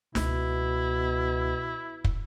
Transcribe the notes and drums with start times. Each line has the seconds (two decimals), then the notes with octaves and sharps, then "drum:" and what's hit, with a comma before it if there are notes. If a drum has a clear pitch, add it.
0.15 C#2 B2 E4, drum: snare
2.04 drum: kick